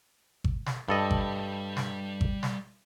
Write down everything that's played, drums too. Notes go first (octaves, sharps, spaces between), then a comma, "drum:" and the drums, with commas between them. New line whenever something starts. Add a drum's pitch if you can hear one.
drum: kick G#1
drum: snare
G2 G3 A4 D#5 B5
drum: kick G#1
drum: snare
drum: kick G#1
drum: snare